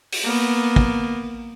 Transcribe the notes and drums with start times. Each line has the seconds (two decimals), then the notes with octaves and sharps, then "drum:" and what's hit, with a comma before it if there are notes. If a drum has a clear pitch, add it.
0.12 drum: open hi-hat
0.24 A#3 B3
0.76 drum: kick